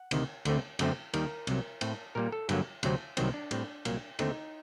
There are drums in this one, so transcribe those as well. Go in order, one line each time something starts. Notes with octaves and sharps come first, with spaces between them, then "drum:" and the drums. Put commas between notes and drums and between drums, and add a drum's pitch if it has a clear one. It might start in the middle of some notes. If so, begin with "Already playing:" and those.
Already playing: F#5
D2 C3 D#3, drum: cymbal
D2 D3 A3 C4, drum: cymbal
F#2 D3 A3 C4, drum: cymbal
D#2 D#3 G3 A#4, drum: cymbal
C2 C3 F#3, drum: cymbal
A2 A3 C4, drum: cymbal
A#2 G3 A#3 A#4
A4
G2 D3 F#3 A#3, drum: cymbal
D2 C3 F#3 C4, drum: cymbal
C2 C3 D#3 F#3 C4, drum: cymbal
D4
A2 G3 C4, drum: cymbal
C2 A#2 F#3 A#3, drum: cymbal
D#2 D3 A3 C4 D#4, drum: cymbal